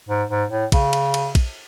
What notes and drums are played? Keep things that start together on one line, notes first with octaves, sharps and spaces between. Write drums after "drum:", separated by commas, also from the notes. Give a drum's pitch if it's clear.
G#2
G#2
A2
C#3, drum: kick, cymbal
drum: cymbal
drum: cymbal
drum: kick, cymbal